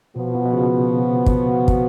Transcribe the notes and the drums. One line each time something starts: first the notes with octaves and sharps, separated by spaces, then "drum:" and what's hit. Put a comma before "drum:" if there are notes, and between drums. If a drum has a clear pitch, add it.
B2 F3 B3 F#4
B2
B2
C#3
drum: kick
drum: kick